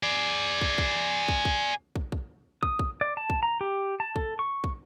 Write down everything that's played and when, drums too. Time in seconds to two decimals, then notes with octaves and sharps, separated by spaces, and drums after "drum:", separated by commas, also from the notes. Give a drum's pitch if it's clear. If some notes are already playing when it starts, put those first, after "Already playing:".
0.03 G#4 D5
0.61 drum: kick
0.78 drum: kick
1.28 drum: kick
1.45 drum: kick
1.96 drum: kick
2.12 drum: kick
2.63 D#6, drum: kick
2.79 drum: kick
3.01 D5
3.17 A5
3.30 drum: kick
3.43 A#5
3.61 G4
4.00 A5
4.16 A4, drum: kick
4.39 C#6
4.64 drum: kick